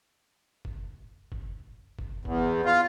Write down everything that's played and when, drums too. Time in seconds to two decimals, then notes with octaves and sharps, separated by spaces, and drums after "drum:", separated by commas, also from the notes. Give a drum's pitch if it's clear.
0.65 drum: kick
1.32 drum: kick
1.99 drum: kick
2.25 E2, drum: kick
2.65 F4